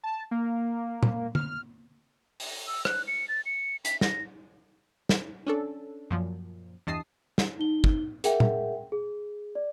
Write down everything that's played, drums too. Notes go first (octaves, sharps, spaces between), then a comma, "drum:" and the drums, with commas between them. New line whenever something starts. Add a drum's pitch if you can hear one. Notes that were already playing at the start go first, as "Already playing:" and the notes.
A5
A#3
drum: tom
F6, drum: tom D3
drum: open hi-hat
E6
F#6, drum: rim click
C#7
A6
C#7
B6, drum: hi-hat
A#6, drum: snare
drum: snare
C#4 D4 A4
F#2 A#2 F3
E2 G2 D#5 A5 D#6 C7
drum: snare
D#4 G7
drum: kick
G#4 A#4 E5 F#5 G5, drum: hi-hat
drum: tom
G#4
D5